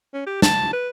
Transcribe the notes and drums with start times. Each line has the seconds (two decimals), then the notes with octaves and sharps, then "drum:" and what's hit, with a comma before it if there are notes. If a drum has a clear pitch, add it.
0.14 C#4
0.26 G4
0.42 A5, drum: snare
0.73 B4